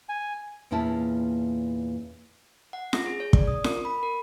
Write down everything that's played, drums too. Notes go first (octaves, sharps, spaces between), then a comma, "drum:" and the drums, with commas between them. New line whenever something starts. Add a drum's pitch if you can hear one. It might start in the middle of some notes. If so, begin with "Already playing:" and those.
G#5
E2 A#2 A#3 C#4 E4 A5
F#5
A#6, drum: snare F4
G#4
C#5
D5, drum: kick
D#6
A#4, drum: snare F4
B5
A#4